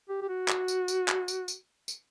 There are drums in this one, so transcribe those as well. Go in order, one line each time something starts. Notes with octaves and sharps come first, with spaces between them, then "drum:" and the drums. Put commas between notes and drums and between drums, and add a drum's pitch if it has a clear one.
G4
G4
F#4
drum: clap
drum: tambourine
drum: tambourine
drum: clap
drum: tambourine
drum: tambourine
drum: tambourine